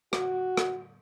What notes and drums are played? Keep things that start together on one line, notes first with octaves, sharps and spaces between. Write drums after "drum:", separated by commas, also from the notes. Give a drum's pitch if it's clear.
F#4, drum: rim click
drum: rim click